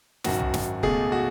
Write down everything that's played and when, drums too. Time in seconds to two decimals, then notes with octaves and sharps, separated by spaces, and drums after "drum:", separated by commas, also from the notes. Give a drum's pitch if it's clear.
0.24 G#1 F#2 D#3 F#4, drum: snare
0.39 drum: tom
0.54 drum: snare
0.83 C#2 B2 A3 G#4, drum: kick C#1
1.12 F#4